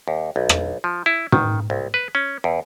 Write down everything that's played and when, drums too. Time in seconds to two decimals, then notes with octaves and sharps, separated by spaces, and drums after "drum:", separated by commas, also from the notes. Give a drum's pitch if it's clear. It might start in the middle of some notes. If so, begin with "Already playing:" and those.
0.08 D#2
0.36 B1
0.49 drum: rim click
0.84 F3
1.06 E4
1.32 D#3, drum: tom
1.70 C2
1.94 B4
2.15 C#4
2.44 E2